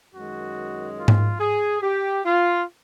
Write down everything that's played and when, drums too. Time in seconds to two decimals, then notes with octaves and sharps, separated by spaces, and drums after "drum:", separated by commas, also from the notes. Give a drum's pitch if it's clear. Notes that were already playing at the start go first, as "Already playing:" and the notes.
0.14 F#2 D#3 G#3 F#4
0.99 F4
1.08 drum: tom G#2
1.40 G#4
1.82 G4
2.25 F4